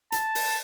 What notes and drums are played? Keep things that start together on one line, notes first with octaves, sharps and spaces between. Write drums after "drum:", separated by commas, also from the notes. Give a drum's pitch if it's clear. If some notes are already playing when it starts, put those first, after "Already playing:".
A5, drum: hi-hat
drum: open hi-hat